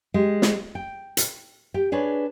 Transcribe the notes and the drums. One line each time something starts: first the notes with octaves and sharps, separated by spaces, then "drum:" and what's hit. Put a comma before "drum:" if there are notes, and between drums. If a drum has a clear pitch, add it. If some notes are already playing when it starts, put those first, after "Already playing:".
G#3 G4
drum: snare
G5
drum: hi-hat
G4 G5
D4 G#4 B4 C#5